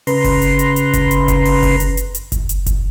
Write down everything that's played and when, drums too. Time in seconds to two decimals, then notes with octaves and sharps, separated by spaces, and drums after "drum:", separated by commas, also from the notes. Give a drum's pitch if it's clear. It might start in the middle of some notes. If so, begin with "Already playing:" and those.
0.07 C#3 B4 A#5 C6, drum: open hi-hat
0.24 drum: kick F#1, open hi-hat
0.42 drum: hi-hat
0.59 drum: hi-hat
0.76 drum: hi-hat
0.93 drum: kick F#1, hi-hat
1.11 drum: hi-hat
1.28 drum: kick F#1, hi-hat
1.45 drum: open hi-hat
1.63 drum: kick F#1, open hi-hat
1.80 drum: hi-hat
1.97 drum: hi-hat
2.15 drum: hi-hat
2.32 drum: kick F#1, hi-hat
2.49 drum: hi-hat
2.66 drum: kick F#1, hi-hat